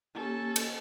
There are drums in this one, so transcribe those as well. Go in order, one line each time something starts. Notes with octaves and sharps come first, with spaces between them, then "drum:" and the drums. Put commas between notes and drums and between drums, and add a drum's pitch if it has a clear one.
A#3 C#4 G4 A4
drum: cymbal